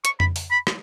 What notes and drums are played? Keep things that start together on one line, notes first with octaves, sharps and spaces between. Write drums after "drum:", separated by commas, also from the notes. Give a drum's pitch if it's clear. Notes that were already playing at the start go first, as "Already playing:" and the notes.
C#6, drum: hi-hat
B5, drum: tom F2
drum: open hi-hat
B5
drum: rim click